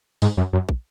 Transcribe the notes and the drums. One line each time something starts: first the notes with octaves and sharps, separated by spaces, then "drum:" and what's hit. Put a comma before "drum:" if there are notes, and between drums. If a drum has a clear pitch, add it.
G#2, drum: open hi-hat
F#2
F#2
drum: kick